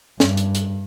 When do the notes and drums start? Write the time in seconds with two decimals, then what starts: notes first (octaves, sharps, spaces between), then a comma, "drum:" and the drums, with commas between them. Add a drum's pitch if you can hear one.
0.20 G2, drum: snare
0.37 drum: hi-hat
0.55 drum: hi-hat